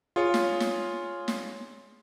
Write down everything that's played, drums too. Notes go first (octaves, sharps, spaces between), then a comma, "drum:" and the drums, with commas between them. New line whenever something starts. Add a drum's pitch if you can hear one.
F4 G#4 C#5
drum: snare
drum: snare
drum: snare